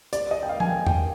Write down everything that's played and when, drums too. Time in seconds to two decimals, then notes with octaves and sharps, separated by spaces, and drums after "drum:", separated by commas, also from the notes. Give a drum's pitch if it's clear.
0.13 D5, drum: hi-hat
0.31 D#5
0.43 G5
0.49 F5
0.60 G#5, drum: tom
0.68 G5
0.87 G5, drum: tom